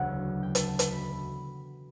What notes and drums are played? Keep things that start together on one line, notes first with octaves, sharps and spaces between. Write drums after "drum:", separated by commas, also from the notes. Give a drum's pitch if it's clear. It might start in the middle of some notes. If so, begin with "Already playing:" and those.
Already playing: E1 D2 C#3 F#3 F#5
G5
A5, drum: hi-hat
drum: hi-hat
B5